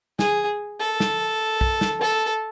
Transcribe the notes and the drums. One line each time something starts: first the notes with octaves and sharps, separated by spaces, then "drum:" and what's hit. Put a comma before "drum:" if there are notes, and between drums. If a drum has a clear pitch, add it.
G#4, drum: snare
A4
drum: snare
drum: kick B1
drum: snare
A4